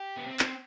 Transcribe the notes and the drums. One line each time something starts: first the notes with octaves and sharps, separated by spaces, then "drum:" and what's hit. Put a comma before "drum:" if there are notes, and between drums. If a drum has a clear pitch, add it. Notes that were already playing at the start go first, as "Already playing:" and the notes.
Already playing: G4
B3
C4
drum: clap